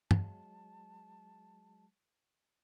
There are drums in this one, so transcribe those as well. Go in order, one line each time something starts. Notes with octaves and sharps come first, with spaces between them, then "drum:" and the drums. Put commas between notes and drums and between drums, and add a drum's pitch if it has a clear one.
F#3 G#3 A5, drum: tom